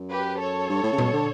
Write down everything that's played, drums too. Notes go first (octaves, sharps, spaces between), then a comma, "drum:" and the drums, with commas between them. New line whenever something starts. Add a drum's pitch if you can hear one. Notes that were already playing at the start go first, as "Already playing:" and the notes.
Already playing: F#2
G4 B4
A4 C#5
G2
A2
C#3
B2, drum: tom A#2
D3